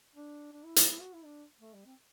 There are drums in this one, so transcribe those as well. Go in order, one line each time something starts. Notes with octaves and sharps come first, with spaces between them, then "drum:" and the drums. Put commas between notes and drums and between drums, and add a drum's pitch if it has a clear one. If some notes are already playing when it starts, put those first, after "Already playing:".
D4
D4
E4
E4, drum: hi-hat
E4
F#4
E4
D4
A3
G3
C4